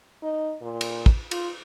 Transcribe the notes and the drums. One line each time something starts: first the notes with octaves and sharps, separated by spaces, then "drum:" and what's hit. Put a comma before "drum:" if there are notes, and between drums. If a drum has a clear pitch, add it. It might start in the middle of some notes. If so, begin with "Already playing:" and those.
D#4
A#2
drum: cymbal
drum: kick
F4, drum: cymbal